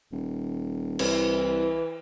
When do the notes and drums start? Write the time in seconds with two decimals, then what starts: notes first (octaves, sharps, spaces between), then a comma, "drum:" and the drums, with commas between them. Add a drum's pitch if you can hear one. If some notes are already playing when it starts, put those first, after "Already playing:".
0.12 D#1
0.99 C2 E3, drum: cymbal